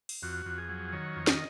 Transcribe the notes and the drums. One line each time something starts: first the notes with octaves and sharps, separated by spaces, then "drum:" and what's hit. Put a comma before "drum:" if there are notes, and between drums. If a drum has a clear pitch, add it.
drum: open hi-hat
F2 F#4
F2
G#4
F#3
D#3 C#5
F2
D#5, drum: snare